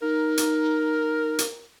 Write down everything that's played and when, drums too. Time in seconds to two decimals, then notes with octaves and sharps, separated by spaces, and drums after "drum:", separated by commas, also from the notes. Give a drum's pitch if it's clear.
0.02 D#4 A#4
0.37 drum: hi-hat
1.39 drum: hi-hat